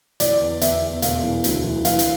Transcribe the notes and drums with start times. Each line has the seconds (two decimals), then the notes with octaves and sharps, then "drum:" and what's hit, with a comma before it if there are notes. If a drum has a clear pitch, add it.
0.20 E3 D5, drum: hi-hat
0.41 E2
0.61 E2 E5, drum: hi-hat
0.82 E2
1.02 E1 F5, drum: hi-hat
1.23 E3
1.44 D2, drum: hi-hat
1.64 E3
1.85 E3 F5, drum: hi-hat
1.99 drum: hi-hat